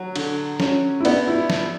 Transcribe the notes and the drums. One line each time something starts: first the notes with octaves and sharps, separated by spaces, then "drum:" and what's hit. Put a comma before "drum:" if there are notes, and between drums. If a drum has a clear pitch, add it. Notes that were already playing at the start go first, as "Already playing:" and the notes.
Already playing: F#3
D3, drum: cymbal
C#4, drum: snare
E4
B3 D4, drum: cymbal
E4
drum: snare